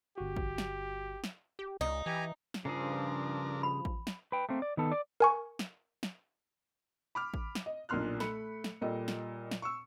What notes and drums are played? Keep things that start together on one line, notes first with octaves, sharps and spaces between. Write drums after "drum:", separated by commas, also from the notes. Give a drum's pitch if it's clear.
G1 F#4 G4
drum: kick A1
drum: snare
drum: snare
G4
C#2 D#4
E3 G4 G#5 A#5
drum: snare
G2 C#3 F3 D4 G#4 A#4
B5
drum: kick A1
drum: snare
B4 G5
A3 A#3 C4
D5
D#3 B3 A4
D5
A#4 G#5 C#6
drum: snare
drum: snare
B5 D6 F6
drum: kick A1
drum: snare
D#5
B1 A#2 D4 C6 F6 F#6
A3 B5 C#7, drum: snare
drum: snare
A#2 G3 A4 D#5
drum: snare
drum: snare
C#6 E6